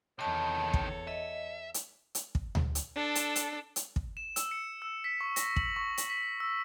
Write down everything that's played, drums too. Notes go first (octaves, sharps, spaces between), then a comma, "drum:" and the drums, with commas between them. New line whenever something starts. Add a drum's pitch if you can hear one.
E2 C3 D#3 A4 C#5 D#5 A5 B5
drum: kick
D#5 E5
drum: hi-hat
drum: hi-hat
drum: kick
drum: tom D2
drum: hi-hat
D4 A4
drum: hi-hat
drum: hi-hat
drum: hi-hat
drum: kick
E7
E6, drum: hi-hat
C#7
E6
B6
C#6
A#6, drum: hi-hat
F#7, drum: kick
C#6
drum: hi-hat
B6
E6